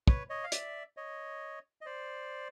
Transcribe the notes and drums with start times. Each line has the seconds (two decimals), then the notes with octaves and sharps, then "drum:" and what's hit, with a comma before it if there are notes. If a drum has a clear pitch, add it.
0.07 B4 C#5, drum: kick
0.30 C#5 D#5
0.44 F5
0.52 D5 E5, drum: hi-hat
0.97 C#5 D#5
1.81 D#5
1.86 C5 D5